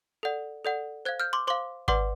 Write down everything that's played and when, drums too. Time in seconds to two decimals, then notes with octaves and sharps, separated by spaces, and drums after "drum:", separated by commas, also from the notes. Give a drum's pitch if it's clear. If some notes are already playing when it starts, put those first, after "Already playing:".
0.23 A4 D5 F#5
0.65 A4 D5 F#5
1.05 C5 F5 F#6 G#6
1.20 F6 G6
1.33 C6 D6
1.47 C5 F5 C6 D6
1.88 B4 D5 F#5 C6 D6, drum: kick G#1